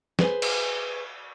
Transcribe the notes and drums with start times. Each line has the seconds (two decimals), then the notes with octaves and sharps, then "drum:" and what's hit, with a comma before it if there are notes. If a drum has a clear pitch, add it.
0.19 G#4 B4 C5 G#5, drum: snare
0.42 drum: cymbal